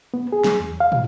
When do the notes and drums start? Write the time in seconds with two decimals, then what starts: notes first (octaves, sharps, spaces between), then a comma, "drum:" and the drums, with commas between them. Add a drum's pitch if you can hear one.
0.14 B3
0.32 G#4
0.44 drum: snare
0.60 E2
0.80 F5
0.92 drum: tom